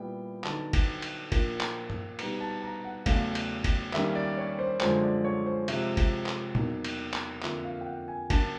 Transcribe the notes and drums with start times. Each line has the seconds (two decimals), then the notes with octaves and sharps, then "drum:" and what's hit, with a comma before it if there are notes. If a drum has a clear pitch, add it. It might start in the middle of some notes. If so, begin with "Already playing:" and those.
Already playing: A#2 G3 B3 E4 G5
0.44 D3 F#3 B3 D#4 A5, drum: clap
0.73 drum: kick G#1, cymbal
1.02 drum: cymbal
1.32 A#2 F3 A#3 D4, drum: kick G#1, cymbal
1.61 drum: clap
1.90 drum: tom
2.19 B2 G3 B3 D#4 A#5, drum: cymbal
2.41 A5
2.62 A#5
2.84 F#5
3.06 E2 C#3 F#3 A3 F5, drum: kick G#1, cymbal
3.35 drum: cymbal
3.64 drum: kick G#1, cymbal
3.93 D#3 G3 A#3 C#4 E5, drum: clap
4.15 D5
4.38 C#5
4.59 C5
4.81 F#2 D3 F3 G#3 C5, drum: clap
5.03 D5
5.25 C#5
5.46 C5
5.68 C3 F3 G#3 C4 E5, drum: cymbal
5.97 drum: kick G#1, cymbal
6.26 drum: clap
6.55 E2 B2 F#3 A#3 D#4, drum: tom
6.84 drum: cymbal
7.14 drum: clap
7.43 F2 D3 F3 A#3 E5, drum: clap
7.64 F5
7.81 G5
7.86 F#5
8.08 G#5
8.30 C#3 F#3 A#3 C#4 A5, drum: kick G#1, cymbal